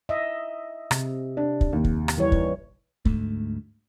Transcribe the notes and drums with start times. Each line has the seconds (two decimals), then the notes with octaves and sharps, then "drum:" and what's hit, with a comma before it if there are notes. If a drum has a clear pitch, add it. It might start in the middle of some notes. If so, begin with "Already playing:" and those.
0.09 D#5 E5
0.91 C3, drum: rim click
1.37 D4
1.61 drum: kick
1.73 D#2
1.84 drum: kick
2.08 drum: rim click
2.18 E3 G3 C#5
2.32 drum: kick
3.05 D2 G#2 A3, drum: kick